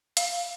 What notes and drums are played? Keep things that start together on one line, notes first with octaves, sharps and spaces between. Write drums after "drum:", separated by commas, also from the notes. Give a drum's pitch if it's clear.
F5, drum: hi-hat